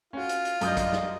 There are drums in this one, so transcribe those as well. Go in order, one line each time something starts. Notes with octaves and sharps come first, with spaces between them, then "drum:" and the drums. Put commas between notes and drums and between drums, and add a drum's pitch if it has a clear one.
C#4 F4 F#4
drum: hi-hat
drum: hi-hat
F#2 G3 D4 D#5 D#6 G6, drum: hi-hat
drum: kick, hi-hat
drum: snare